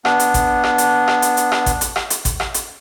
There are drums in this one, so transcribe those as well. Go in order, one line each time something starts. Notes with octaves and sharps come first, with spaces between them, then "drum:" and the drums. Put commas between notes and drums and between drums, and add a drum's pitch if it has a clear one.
B3 D4, drum: rim click
drum: hi-hat
drum: kick, hi-hat
drum: rim click
drum: hi-hat
drum: rim click
drum: hi-hat
drum: hi-hat
drum: rim click
drum: kick, hi-hat
drum: hi-hat
drum: rim click
drum: hi-hat
drum: kick, hi-hat
drum: rim click
drum: hi-hat